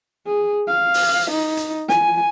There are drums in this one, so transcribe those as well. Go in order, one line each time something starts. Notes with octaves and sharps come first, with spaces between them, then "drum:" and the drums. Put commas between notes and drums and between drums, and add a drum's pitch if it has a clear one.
G#4
F5
drum: open hi-hat
D#4
drum: hi-hat
G#5, drum: snare